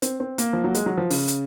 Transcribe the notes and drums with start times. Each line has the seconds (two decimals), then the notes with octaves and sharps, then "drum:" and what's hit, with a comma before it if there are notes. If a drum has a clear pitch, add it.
0.02 C4, drum: hi-hat
0.20 C4
0.38 A#3, drum: hi-hat
0.53 F3
0.64 F#3
0.75 G#3, drum: hi-hat
0.86 F#3
0.97 F3
1.10 C#3, drum: open hi-hat
1.28 drum: hi-hat